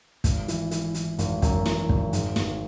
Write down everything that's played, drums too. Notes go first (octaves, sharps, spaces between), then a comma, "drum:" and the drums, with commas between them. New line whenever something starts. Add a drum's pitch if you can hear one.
G#1, drum: kick, hi-hat
E3, drum: hi-hat
E3, drum: hi-hat
E3, drum: hi-hat
G#1, drum: hi-hat
F#2, drum: kick, hi-hat
E3, drum: snare
G#1, drum: kick
G#2, drum: hi-hat
G#1, drum: snare